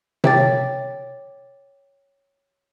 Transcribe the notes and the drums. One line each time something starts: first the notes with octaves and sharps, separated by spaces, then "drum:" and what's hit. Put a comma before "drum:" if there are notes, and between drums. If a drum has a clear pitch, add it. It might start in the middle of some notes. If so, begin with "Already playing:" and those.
C#5 E5 G5 D6 A6, drum: tom C3